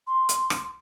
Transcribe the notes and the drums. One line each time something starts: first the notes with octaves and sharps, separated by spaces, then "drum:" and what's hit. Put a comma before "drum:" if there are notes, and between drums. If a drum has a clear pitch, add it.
C6
drum: hi-hat
drum: rim click